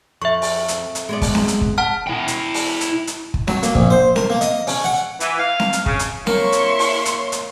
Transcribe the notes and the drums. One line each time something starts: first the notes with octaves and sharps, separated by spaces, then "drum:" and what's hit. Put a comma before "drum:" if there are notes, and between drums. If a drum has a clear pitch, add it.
F2 E5 C#6
drum: open hi-hat
drum: hi-hat
drum: hi-hat
G#3 B3 D5
drum: kick, open hi-hat
drum: snare C4
drum: hi-hat
drum: kick
F#5 A5 F6
E4 G5
drum: hi-hat
drum: open hi-hat
drum: hi-hat
drum: hi-hat
drum: kick
F#3, drum: snare C4
A#3, drum: hi-hat
A#1, drum: kick
C5
A#4, drum: snare C4
A#3
D#5, drum: hi-hat
C#4, drum: open hi-hat
F#5
E3, drum: hi-hat
F5
drum: snare C4
drum: hi-hat
C#3, drum: kick
drum: hi-hat
A#3 E4 C#5 C6 C#6, drum: snare C4
drum: hi-hat
drum: open hi-hat
drum: hi-hat
drum: hi-hat